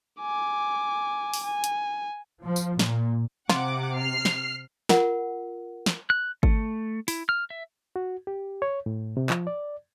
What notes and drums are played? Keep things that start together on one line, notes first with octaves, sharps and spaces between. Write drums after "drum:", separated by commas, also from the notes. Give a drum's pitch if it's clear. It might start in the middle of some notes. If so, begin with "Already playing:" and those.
G#5 D6
drum: open hi-hat
G#5
drum: hi-hat
F3
drum: tambourine
A#2, drum: snare
C3 F4 F#5 D6, drum: snare
F6 C7
drum: snare
F4 A#4 F#5, drum: snare
drum: snare
F#6
A3, drum: kick G#1
E4, drum: open hi-hat
F6
E5
F#4
G4
C#5
A2
C3
F3, drum: clap
D5